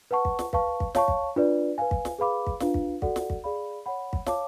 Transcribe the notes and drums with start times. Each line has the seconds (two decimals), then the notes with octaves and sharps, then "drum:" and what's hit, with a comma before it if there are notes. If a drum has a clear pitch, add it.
0.11 B4 F#5 A5 C#6
0.25 drum: kick
0.39 drum: snare
0.53 B4 F5 A5 C#6, drum: kick
0.80 drum: kick
0.95 C#5 F5 A5 C#6, drum: snare
1.08 drum: kick
1.36 D4 F4 B4 D5
1.78 B4 F5 G#5
1.91 drum: kick
2.05 drum: snare
2.18 G#4 B4 F5 B5 D6
2.47 drum: kick
2.60 D4 F4 B4 F5, drum: snare
2.74 drum: kick
3.02 F#4 A4 D5 F#5, drum: kick
3.16 drum: snare
3.30 drum: kick
3.44 G#4 D5 F5 B5
3.86 C#5 F#5 B5
4.13 drum: kick
4.26 C#5 F5 A5 D6, drum: snare